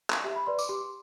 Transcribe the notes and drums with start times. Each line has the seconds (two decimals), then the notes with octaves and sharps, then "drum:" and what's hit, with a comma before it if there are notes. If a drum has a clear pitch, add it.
0.10 drum: clap
0.25 G4 E5
0.36 B5
0.46 B4 D5 C6
0.59 D6, drum: tambourine
0.69 G4 C6